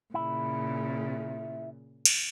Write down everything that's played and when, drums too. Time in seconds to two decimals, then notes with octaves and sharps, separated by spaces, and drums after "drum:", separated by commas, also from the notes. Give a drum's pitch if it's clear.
0.14 A#2 C#3 E4
2.05 drum: cymbal